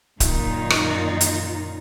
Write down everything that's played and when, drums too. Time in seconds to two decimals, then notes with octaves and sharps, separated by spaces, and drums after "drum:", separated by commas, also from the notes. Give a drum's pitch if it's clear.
0.20 F#2 A#2 D#3 D#4 F4, drum: kick D1, hi-hat
0.70 drum: rim click
1.21 drum: hi-hat